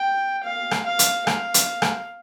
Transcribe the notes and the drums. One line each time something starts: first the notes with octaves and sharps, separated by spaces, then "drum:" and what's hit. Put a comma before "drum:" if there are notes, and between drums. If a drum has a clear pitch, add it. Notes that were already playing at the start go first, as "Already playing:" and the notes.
Already playing: G5
F5
drum: rim click
F5
drum: hi-hat
F5, drum: rim click
drum: hi-hat
drum: rim click